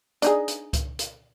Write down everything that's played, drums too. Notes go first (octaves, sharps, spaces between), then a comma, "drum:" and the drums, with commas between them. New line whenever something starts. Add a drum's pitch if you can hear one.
D4 D#4 G#4, drum: hi-hat
drum: hi-hat
drum: kick C#2, hi-hat
drum: hi-hat